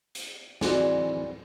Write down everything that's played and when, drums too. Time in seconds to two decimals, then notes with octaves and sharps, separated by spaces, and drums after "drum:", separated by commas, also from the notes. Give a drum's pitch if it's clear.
0.15 drum: hi-hat
0.61 E3 C4 F#4 G#4 D5, drum: snare